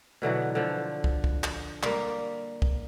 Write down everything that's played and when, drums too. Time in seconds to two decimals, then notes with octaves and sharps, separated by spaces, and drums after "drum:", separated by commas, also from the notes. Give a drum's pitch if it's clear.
0.22 B2 D3 E3 F#3
0.55 D3 F3
1.04 drum: kick
1.24 drum: kick
1.44 drum: clap
1.83 G3 A#3, drum: clap
2.62 drum: kick